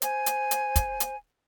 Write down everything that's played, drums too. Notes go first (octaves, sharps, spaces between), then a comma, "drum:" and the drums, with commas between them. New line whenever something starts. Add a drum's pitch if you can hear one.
C5 G#5, drum: hi-hat
drum: hi-hat
drum: hi-hat
drum: kick, hi-hat
drum: hi-hat